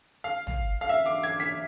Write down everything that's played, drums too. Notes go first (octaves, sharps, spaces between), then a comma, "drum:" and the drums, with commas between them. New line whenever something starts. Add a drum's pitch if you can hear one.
F5
drum: tom A1
F5
E5
D6
G#6
B6